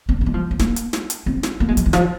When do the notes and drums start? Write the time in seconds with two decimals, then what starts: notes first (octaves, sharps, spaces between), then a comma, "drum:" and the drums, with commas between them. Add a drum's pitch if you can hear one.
0.09 C4
0.21 A#3
0.26 G#3
0.34 F3
0.51 F3
0.59 A#3, drum: snare
0.76 drum: hi-hat
0.93 drum: snare
1.10 drum: hi-hat
1.26 C4
1.43 drum: snare
1.60 A#3
1.68 G#3
1.77 F3, drum: hi-hat
1.86 D#3
1.93 F3, drum: snare